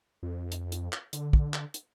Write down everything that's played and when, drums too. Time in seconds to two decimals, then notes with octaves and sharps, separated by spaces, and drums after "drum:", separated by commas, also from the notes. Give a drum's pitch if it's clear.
0.23 F2
0.52 drum: hi-hat
0.72 drum: hi-hat
0.93 drum: clap
1.13 D3, drum: hi-hat
1.33 drum: kick
1.54 drum: clap
1.74 drum: hi-hat